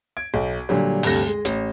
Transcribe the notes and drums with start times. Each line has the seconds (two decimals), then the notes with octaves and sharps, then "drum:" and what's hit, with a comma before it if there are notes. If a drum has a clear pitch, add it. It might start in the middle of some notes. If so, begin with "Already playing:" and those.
0.17 G#6 D7
0.34 B1
0.69 A#2 D3 F#3 G3
1.03 D2 G2 C3 A4 A#6, drum: open hi-hat
1.27 G#3
1.45 A1, drum: hi-hat